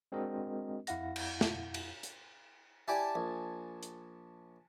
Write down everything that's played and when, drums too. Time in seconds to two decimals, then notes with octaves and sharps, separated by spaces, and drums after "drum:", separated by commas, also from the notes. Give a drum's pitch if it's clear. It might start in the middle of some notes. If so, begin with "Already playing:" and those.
0.12 G#3 C4 D4 F#4 A#4 D#5
0.87 F2 E4 F5 F#5 A#6, drum: hi-hat
1.16 drum: cymbal
1.41 drum: snare
1.74 drum: cymbal
2.03 drum: hi-hat
2.88 E4 G4 D5 G#5 A5
3.15 A#1
3.83 drum: hi-hat